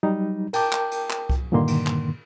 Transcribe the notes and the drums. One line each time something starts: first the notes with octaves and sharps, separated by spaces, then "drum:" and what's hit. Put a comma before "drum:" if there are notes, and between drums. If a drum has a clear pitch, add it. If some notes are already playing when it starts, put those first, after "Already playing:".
F#3 G3 D#4
A#4 G5 A5 D6 G6, drum: cymbal
drum: clap
drum: cymbal
drum: clap
drum: kick C2
G2 A#2 D3 D#3 A#3 C6
drum: cymbal
drum: clap